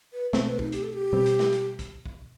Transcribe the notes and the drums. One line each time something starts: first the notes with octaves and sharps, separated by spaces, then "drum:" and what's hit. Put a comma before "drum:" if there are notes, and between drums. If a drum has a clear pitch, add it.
B4
B2 A3 C4 C5, drum: snare
B4
D#4, drum: kick
G4, drum: hi-hat
A4
G4
B2 G3 C4
drum: hi-hat
drum: snare
drum: hi-hat
drum: kick, hi-hat
drum: kick